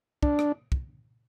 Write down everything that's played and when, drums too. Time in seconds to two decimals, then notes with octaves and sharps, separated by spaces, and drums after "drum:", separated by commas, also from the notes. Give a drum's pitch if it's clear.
0.23 D4, drum: kick
0.39 drum: rim click
0.72 drum: kick